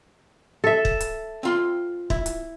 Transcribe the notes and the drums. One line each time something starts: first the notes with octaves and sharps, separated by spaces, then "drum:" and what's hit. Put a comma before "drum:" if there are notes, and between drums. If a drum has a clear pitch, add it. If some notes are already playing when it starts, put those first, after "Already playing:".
A4 E5
drum: kick
drum: hi-hat
C4 F4 C6
E4, drum: kick
drum: hi-hat